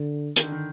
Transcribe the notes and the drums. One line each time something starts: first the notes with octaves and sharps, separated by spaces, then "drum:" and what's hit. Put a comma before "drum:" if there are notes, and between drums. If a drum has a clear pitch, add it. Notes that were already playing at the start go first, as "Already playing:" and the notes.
Already playing: D3
D#3, drum: hi-hat
D3
D#3